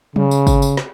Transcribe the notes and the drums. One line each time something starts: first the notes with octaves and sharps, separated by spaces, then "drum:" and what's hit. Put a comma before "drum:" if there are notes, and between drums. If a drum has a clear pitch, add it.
C#3, drum: tom F#3
drum: tambourine
drum: kick, tambourine
drum: tambourine
drum: snare